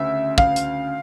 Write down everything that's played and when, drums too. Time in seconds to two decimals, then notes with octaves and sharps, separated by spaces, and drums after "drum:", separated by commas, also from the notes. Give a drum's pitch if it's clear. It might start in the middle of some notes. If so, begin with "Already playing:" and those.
Already playing: D2 C#3 E5
0.38 F5, drum: kick
0.56 drum: hi-hat